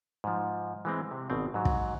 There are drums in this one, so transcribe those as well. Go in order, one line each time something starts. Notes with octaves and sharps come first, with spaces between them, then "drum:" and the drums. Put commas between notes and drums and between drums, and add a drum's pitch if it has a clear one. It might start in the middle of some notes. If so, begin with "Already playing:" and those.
G#2 F3
E3 G#3 C4
C3
G#1 B2 C4
G#2 F#3
drum: kick